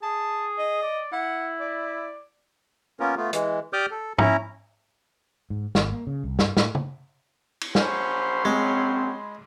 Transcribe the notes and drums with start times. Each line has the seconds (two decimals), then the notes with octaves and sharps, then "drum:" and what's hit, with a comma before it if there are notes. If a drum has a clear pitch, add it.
0.03 G#4 A5
0.58 D#5
0.83 D5
1.12 E4 F#5
1.60 D5
3.00 A#3 B3 C#4 F4 A#4
3.17 A3 B3 F4
3.33 E3 G#3, drum: hi-hat
3.73 G4 D5 D6 D#6 F6 G6
3.91 A4
4.18 C#4 E4 A#5, drum: tom
5.50 G#2
5.75 G#1, drum: snare
5.93 A#3
6.07 C#3
6.24 C2
6.39 G2, drum: snare
6.57 A2, drum: snare
6.75 drum: tom
7.61 drum: cymbal
7.75 A#1 F#3 C#4 C5 B5 C6, drum: snare
8.45 G#3 C4